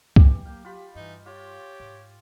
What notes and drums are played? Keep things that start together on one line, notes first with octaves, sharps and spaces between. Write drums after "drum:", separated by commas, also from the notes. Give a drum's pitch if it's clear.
E3 F#3 G4, drum: kick
A#3 F5 G5
F4 G4 B5
G2 E3 D#4
F4 G4 C#5
G#2